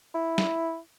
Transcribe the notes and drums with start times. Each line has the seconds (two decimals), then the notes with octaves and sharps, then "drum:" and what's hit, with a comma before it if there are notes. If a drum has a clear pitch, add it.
0.15 E4
0.38 drum: snare